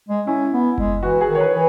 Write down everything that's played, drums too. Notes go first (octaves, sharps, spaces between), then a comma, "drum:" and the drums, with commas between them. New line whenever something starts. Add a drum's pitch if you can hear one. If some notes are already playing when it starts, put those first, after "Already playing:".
G#3
C#4 E4
B3
G#3, drum: kick F#1
E3 F#4
G#4
D#3
C#5
B4
E3